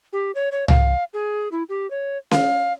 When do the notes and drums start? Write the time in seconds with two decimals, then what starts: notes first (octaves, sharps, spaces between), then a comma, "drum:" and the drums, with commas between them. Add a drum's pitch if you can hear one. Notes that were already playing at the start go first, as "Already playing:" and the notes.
0.13 G4
0.35 C#5
0.52 C#5
0.68 F5, drum: tom C2
1.13 G#4
1.52 E4
1.69 G4
1.91 C#5
2.31 F5, drum: snare C#4